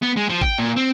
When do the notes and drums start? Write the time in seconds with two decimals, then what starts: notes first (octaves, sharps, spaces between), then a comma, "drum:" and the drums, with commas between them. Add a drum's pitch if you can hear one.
0.02 B3
0.16 G#3
0.29 F3
0.42 G5, drum: kick G#1
0.58 A#2
0.76 C4